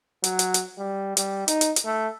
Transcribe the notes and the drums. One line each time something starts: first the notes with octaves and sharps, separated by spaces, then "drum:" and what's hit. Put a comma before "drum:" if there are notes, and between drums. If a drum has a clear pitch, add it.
F#3, drum: hi-hat
drum: hi-hat
drum: hi-hat
G3
G3, drum: hi-hat
D#4, drum: hi-hat
drum: hi-hat
drum: hi-hat
A3